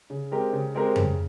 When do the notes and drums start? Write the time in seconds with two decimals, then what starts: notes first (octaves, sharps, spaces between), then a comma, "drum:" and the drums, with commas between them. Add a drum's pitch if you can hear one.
0.10 C#3
0.32 G#3 C4 G4 A#4
0.53 C#3
0.75 G#3 C4 G4 A#4
0.96 C#3, drum: tom F2